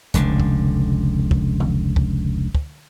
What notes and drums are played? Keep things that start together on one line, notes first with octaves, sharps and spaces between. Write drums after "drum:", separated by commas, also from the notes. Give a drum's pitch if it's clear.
F1 C#2 D3, drum: hi-hat
drum: kick
drum: kick
drum: tom E3
drum: kick
drum: kick